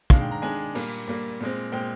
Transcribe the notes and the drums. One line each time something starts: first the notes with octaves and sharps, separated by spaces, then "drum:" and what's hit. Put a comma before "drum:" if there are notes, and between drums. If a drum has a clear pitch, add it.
D#3 G#3 D4 F5, drum: kick
G5
A#5
D#3 G#3 D4 G#5
A#2 G3 A#3, drum: open hi-hat
A#2 G3 A#3
A#2 G#3 C4
A#2 G#3 C4 G5